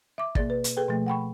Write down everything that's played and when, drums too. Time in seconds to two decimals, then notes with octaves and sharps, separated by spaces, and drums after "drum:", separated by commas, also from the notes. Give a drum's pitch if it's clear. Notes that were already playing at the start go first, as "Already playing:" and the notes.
0.18 E5 D6
0.35 B2 A#3 G#4 D5 A6, drum: kick
0.50 B4
0.64 drum: hi-hat
0.77 G#4 A4 B4 G5
0.89 B2 F3 A3
1.06 F#5 G5 B5 C#6